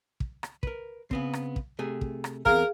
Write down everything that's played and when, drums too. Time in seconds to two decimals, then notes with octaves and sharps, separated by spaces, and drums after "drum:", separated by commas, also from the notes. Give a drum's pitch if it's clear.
0.20 drum: kick
0.43 drum: rim click
0.63 A#4 B4, drum: kick
1.11 C#3 B3 C4, drum: kick
1.33 drum: rim click
1.56 drum: kick
1.79 C3 A3 G#4
2.01 drum: kick
2.24 drum: rim click
2.46 E2 C4 G#4 A#4 F5, drum: kick